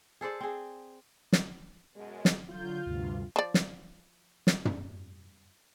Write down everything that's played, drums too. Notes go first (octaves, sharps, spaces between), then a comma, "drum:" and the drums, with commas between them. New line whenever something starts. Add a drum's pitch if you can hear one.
G#4 A4 C5 D5
C4 G#4
drum: snare
F#2 B2 G#3
drum: snare
D3 F#3 F4 G6
D2 G2 C3
F3 D5
drum: snare
drum: snare
drum: tom